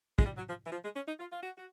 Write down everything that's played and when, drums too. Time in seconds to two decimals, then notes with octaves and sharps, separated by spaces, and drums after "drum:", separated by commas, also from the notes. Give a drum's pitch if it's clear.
0.19 G#3, drum: kick
0.25 G3
0.37 F#3
0.49 F3
0.66 E3
0.72 F3
0.84 G#3
0.96 C#4
1.08 D#4
1.19 F4
1.32 F4
1.43 F#4
1.57 F#4